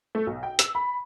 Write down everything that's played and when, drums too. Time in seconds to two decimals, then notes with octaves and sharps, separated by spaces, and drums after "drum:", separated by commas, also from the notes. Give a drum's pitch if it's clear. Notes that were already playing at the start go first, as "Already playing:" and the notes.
0.15 A3
0.27 B1
0.43 G5
0.59 E6, drum: hi-hat
0.75 B5